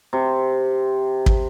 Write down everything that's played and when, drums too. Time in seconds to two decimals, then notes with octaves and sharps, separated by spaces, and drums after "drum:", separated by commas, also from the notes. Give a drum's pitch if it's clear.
0.13 C3
1.26 drum: kick